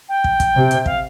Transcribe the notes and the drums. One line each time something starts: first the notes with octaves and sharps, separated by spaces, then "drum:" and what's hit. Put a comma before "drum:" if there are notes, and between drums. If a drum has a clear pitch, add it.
G5
drum: kick
drum: kick, hi-hat
C3
drum: hi-hat
F5, drum: kick